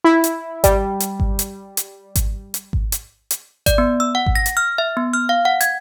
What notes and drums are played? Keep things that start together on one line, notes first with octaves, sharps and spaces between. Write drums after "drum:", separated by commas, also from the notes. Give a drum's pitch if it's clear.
E4
drum: hi-hat
G3, drum: kick G#1, hi-hat
drum: hi-hat
drum: kick G#1
drum: hi-hat
drum: hi-hat
drum: kick G#1, hi-hat
drum: hi-hat
drum: kick G#1
drum: hi-hat
drum: hi-hat
D5, drum: kick G#1, hi-hat
B3
E6
F#5
drum: kick G#1
A#6
drum: hi-hat
F6
E5
B3
F6
F5
F#5
G#6, drum: hi-hat